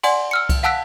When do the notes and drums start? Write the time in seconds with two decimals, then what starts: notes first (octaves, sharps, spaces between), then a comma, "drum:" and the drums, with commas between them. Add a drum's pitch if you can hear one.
0.03 D5 F#5 G#5 C6, drum: cymbal
0.31 E6 F6 C#7
0.49 drum: kick C2, cymbal
0.63 F5 F#5 A5 E6 F#6 B6